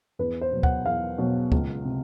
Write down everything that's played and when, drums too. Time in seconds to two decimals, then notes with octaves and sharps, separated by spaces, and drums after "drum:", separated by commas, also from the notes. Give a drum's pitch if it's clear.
0.19 E2 B4
0.41 C5
0.52 B2 F#3
0.63 F#5, drum: kick D2
0.86 E2 F5
1.18 B2 F#3
1.52 C#2, drum: kick D2
1.85 C3